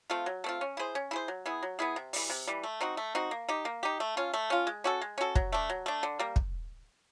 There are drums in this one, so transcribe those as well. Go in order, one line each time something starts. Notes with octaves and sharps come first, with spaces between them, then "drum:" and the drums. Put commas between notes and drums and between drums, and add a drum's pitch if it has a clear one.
A3 C4 F4
F#3
A3 C4 F4
C#4
E4 G#4 C5
C#4
E4 G#4 C5
F#3
B3 E4 G#4
F#3
B3 E4 G#4
C3
E3 G3, drum: open hi-hat
C3
E3 G3
A3
C4 D#4 F#4
A3
C4 D#4 F#4
A#3
D#4 G4
A#3
D#4 G4
A3
C#4 F4
A3
C#4 F4
G#3
C#4 F#4 A4
G#3
C#4 F#4 A4
F#3, drum: kick
A3 D4
F#3
A3 D4
D3
G3 A#3
drum: kick